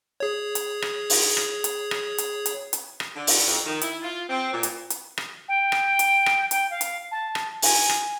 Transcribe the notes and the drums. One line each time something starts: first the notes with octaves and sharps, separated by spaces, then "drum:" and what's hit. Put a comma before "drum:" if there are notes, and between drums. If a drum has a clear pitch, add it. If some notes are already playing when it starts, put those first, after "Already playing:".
G#4 C#5
drum: hi-hat
drum: rim click
drum: open hi-hat
drum: rim click
drum: hi-hat
drum: rim click
drum: hi-hat
drum: hi-hat
drum: hi-hat
drum: rim click
D3
drum: open hi-hat
F2
D#3
E4, drum: hi-hat
F4
C4
A#2
drum: hi-hat
drum: hi-hat
drum: rim click
G5
drum: rim click
drum: hi-hat
drum: rim click
G5, drum: hi-hat
F5
drum: hi-hat
A5
drum: rim click
G#5, drum: open hi-hat
drum: rim click